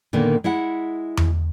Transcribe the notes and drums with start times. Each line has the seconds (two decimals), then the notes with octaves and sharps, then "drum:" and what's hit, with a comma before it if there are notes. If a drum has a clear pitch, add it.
0.13 A#2 D3 D#3 A#3 B3
0.44 G#3 E4 F#5
1.17 drum: tom E2